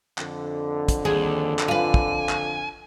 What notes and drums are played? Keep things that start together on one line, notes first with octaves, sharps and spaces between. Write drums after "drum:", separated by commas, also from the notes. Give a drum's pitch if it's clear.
F2 D3, drum: clap
drum: kick, hi-hat
D#2 G#4
drum: clap
F4 B4 G#5
drum: kick
drum: clap